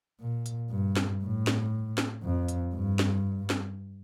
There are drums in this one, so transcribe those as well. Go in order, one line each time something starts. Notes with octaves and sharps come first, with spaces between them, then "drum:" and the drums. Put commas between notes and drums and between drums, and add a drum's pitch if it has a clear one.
A#2
drum: hi-hat
G2
drum: snare
A2
drum: snare
drum: snare
F2
drum: hi-hat
G2
drum: snare
drum: snare